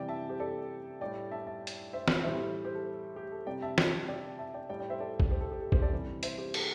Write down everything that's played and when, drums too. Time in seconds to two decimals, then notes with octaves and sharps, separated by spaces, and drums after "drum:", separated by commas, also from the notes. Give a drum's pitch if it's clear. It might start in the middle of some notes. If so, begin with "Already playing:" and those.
Already playing: C3 E3 G3 D5 G5
0.09 E5 A5
0.29 G4 C5
0.40 A4 D5
1.01 A2 G3 D5 G5
1.31 E5 A5
1.47 E5 A5
1.67 drum: hi-hat
1.93 C5 E5
2.08 drum: snare
2.23 A2 E3 G3 C5 E5
2.64 G4 C5
2.75 A4
3.16 G4
3.32 A4
3.46 C3 G3 D5 G5
3.62 E5 A5
3.78 drum: snare
4.08 D5 G5
4.38 E5 A5
4.54 D5 G5
4.69 A2 G3 D5 G5
4.80 D5 G5
4.90 C5 E5
5.00 A4 D5
5.20 drum: kick
5.31 G4 C5
5.41 A4
5.51 G4
5.61 A4
5.72 G4 C5, drum: kick
5.82 A4 D5
5.92 C3 E3 G3
6.23 C5 E5, drum: hi-hat
6.38 G4 C5
6.54 A4, drum: cymbal